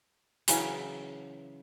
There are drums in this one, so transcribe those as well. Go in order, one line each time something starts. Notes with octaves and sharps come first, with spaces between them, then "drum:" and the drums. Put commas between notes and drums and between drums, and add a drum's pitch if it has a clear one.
C#3 E3 F#3 C#4, drum: hi-hat